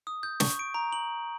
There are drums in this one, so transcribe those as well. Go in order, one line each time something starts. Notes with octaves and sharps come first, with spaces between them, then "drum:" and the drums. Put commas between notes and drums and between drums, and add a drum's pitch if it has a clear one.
D#6
G6
C#6, drum: snare
D7
A#5
F#7